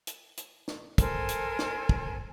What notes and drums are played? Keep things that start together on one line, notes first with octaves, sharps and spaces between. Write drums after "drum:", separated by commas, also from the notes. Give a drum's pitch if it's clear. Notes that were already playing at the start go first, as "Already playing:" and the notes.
drum: hi-hat
drum: hi-hat
drum: snare
A4 A#4 C5 G#5, drum: kick, hi-hat
drum: hi-hat
drum: snare
drum: kick